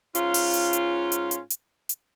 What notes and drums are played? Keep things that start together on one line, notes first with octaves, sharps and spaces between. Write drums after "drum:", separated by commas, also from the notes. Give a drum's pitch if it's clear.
G#2 C#4 F4, drum: hi-hat
drum: open hi-hat
drum: hi-hat
drum: hi-hat
drum: hi-hat
drum: hi-hat
drum: hi-hat
drum: hi-hat